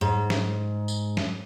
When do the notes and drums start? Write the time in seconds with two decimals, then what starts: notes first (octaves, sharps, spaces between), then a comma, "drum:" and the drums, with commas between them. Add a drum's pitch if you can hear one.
0.01 G#2
0.30 drum: snare
0.88 drum: tambourine
1.17 drum: snare